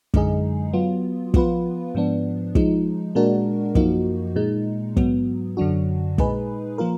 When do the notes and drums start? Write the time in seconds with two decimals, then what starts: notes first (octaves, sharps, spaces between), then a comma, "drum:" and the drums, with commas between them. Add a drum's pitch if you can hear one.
0.14 F#2 D3 G#3 D#4 G#4, drum: kick
0.73 F#3 B3 F4
1.34 F3 B3 F4 B4, drum: kick
1.95 G#2 F3 B3 D4
2.55 F3 G#3 D#4, drum: kick
3.15 A#2 G#3 D4 F#4 A#4
3.75 F#2 F3 A#3 D#4 F#4, drum: kick
4.36 A#2 G#3 D#4
4.97 G#2 F#3 B3, drum: kick
5.57 F#2 D3 F#3 D4 F#4
6.18 A#2 G#3 D#4 G#4 B4, drum: kick
6.78 F3 A#3 F4 A#4